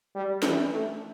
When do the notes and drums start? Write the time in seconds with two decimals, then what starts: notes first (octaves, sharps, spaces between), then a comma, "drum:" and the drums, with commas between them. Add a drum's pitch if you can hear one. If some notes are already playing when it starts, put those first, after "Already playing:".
0.15 G3
0.43 E3, drum: snare
0.71 A3